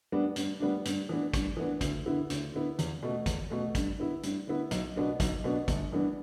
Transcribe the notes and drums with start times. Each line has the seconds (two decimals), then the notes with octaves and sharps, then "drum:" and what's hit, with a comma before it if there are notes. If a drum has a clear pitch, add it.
0.12 G3 B3 D4
0.36 G2, drum: hi-hat
0.60 G3 B3 D4
0.85 G2, drum: hi-hat
1.09 E3 B3 D4
1.34 G2, drum: kick, hi-hat
1.57 E3 B3 D4
1.81 D2, drum: kick, hi-hat
2.06 D3 B3 E4
2.30 D2, drum: hi-hat
2.54 D3 B3 E4
2.79 E2, drum: hi-hat
3.03 B2 A3
3.26 E2, drum: kick, hi-hat
3.50 B2 A3
3.75 G2, drum: kick, hi-hat
3.98 D3 B3 E4
4.23 G2, drum: hi-hat
4.47 D3 B3 E4
4.71 B1, drum: hi-hat
4.96 B2 B3 D4
5.20 B1, drum: kick, hi-hat
5.44 B2 B3 D4
5.68 G1, drum: kick, hi-hat
5.92 G2 E3 B3 D4